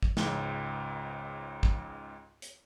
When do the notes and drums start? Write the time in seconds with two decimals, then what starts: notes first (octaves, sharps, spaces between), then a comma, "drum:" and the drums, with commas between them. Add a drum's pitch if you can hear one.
0.03 drum: kick
0.17 C#2 G#2 C#3, drum: snare
1.63 drum: kick
2.42 drum: hi-hat